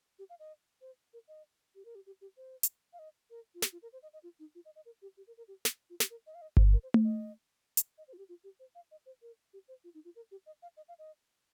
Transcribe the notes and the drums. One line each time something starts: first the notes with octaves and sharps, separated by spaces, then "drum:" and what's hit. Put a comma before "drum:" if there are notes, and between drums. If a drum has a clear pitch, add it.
G4
F5
D#5
C5
A#4
D#5
G4
A#4
G4
G4
G4
C5
drum: hi-hat
F5
D#5
A#4
F4
G4, drum: snare
F4
A#4
C5
D#5
D#5
F4
D#4
F4
D#5
D#5
A#4
G4
G4
A#4
A#4
G4
drum: snare
F4
G4, drum: snare
A#4
D#5
F5
D#5
C5, drum: kick G1
A#4
C5
C5, drum: tom A3
D#5
drum: hi-hat
D#5
C5
F4
G4
F4
G4
C5
F5
D#5
C5
A#4
G4
C5
F4
D#4
F4
A#4
G4
D#5
F5
D#5
F5
D#5